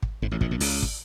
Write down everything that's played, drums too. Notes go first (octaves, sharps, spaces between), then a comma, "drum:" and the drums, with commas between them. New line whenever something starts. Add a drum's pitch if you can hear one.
drum: kick
G#1 G#2
A1 A2
A#1 A#2, drum: kick
A#1 A#2
C#2 C#3, drum: open hi-hat
drum: kick